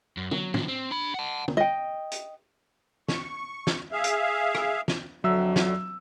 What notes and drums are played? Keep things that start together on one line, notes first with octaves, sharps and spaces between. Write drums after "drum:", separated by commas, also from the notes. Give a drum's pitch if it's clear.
F#2
F#3, drum: tom
D#3 F3, drum: tom
C4
D4 B5
F#5 A5
drum: tom
D#5 G5
drum: hi-hat
C#6, drum: snare
drum: snare
G#4 E5 F5
drum: hi-hat
drum: rim click
drum: snare
F2 D3 F#3 E5 E6
drum: snare